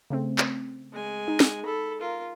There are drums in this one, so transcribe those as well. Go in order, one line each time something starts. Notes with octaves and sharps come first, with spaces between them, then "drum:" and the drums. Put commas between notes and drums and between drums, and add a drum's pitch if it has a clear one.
C#3 A3 C4
drum: clap
G#3 G#5
D#4
drum: snare
A4 B5
F4 A#4